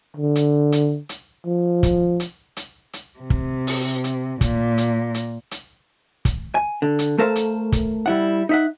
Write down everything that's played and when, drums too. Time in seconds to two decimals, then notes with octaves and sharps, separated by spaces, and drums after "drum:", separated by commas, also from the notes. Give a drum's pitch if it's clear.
0.17 D3
0.35 drum: hi-hat
0.72 drum: hi-hat
1.09 drum: hi-hat
1.46 F3
1.83 drum: kick, hi-hat
2.20 drum: hi-hat
2.57 drum: hi-hat
2.93 drum: hi-hat
3.19 C3
3.30 drum: kick
3.67 drum: open hi-hat
4.04 drum: hi-hat
4.41 A#2, drum: kick, hi-hat
4.78 drum: hi-hat
5.14 drum: hi-hat
5.51 drum: hi-hat
6.25 drum: kick, hi-hat
6.55 G#5
6.82 D3
6.99 drum: hi-hat
7.18 A3 A4 A#4 C5 F5
7.36 drum: hi-hat
7.72 drum: kick, hi-hat
8.06 G3 E4 F#5
8.49 D#4 E5 F#5